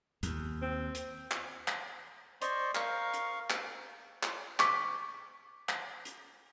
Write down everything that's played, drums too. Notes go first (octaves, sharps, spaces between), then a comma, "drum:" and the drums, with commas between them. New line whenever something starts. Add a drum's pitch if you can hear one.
D#2, drum: hi-hat
C4
drum: hi-hat
drum: clap
drum: clap
C5 D5 D#5 C6 C#6, drum: hi-hat
A#4 F5 C#6, drum: clap
drum: hi-hat
drum: clap
drum: clap
C#6 D6 B6, drum: clap
drum: clap
drum: hi-hat